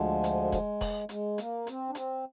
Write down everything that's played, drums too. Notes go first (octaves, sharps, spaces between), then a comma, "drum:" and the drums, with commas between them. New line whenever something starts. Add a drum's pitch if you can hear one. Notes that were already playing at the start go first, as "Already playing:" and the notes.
Already playing: D2 D3 F3 G#3
drum: hi-hat
drum: kick E1, hi-hat
drum: kick E1, open hi-hat
G#3, drum: hi-hat
A#3, drum: hi-hat
C4, drum: hi-hat
D4
C4, drum: hi-hat